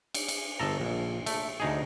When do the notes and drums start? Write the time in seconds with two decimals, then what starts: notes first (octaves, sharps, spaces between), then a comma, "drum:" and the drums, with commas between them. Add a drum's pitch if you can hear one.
0.14 drum: cymbal
0.28 drum: cymbal
0.59 G1 A4 A#5
0.80 A#1
1.26 A3, drum: cymbal
1.60 D2 D#4 G#4